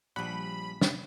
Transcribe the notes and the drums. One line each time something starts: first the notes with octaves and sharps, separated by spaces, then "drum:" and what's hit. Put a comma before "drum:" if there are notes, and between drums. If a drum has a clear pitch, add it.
A#1 F3 G3 F#5 B5
drum: snare